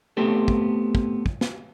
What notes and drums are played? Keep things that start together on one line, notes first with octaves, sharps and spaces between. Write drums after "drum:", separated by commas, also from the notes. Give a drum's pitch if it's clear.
A3 B3 C4 G4 A4
drum: kick
drum: kick
drum: kick
drum: snare